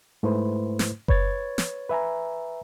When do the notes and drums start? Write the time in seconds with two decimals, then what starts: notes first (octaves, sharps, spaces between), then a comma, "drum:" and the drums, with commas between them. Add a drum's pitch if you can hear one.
0.23 G#2 A3 E4 B4 C5
0.79 drum: snare
1.08 B4 C#5 G#6 A6, drum: kick F#1
1.58 drum: snare
1.89 B4 E5 G#5 A#5